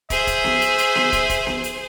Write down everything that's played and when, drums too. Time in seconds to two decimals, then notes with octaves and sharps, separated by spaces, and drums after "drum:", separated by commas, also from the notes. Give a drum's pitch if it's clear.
0.10 G#4 C5 E5, drum: kick, hi-hat
0.27 drum: kick, hi-hat
0.44 drum: snare B3
0.61 drum: hi-hat
0.78 drum: hi-hat
0.95 drum: snare B3
1.12 drum: kick, hi-hat
1.30 drum: kick, hi-hat
1.47 drum: snare B3
1.64 drum: hi-hat